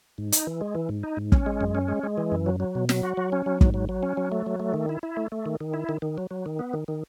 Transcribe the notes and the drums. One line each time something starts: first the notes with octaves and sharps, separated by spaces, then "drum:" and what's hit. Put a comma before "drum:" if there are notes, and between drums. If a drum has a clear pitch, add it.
G#2
D#4, drum: hi-hat
E3
G#3
E3
G#2
D#4
G#2
C#4, drum: kick
G#3
F#2
C#4
G#3
G#3
E3
F#2
F#3
F#3
B2
F#3, drum: snare
F#4
F#3
C#4
F#3
G#2, drum: kick
F#3
F#3
C#4
F#3
A3
F#3
A3
D#3
E4
E4
A3
A3
D#3
D#3
E4
D#3
D#3
F#3
F#3
D#3
B3
D#3
D#3